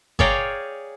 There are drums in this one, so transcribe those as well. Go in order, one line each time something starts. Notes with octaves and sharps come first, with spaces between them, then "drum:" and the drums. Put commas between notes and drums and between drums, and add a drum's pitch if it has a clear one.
G#4 C#5 D5 F5 G5 A#5, drum: kick G1